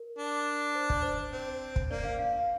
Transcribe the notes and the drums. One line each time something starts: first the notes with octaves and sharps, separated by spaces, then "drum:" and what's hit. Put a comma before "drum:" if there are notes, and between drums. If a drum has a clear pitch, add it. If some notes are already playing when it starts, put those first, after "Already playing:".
Already playing: A#4
D4
C5
D5, drum: kick
C5
C4
drum: kick
A#3 D5
F5
F5
F5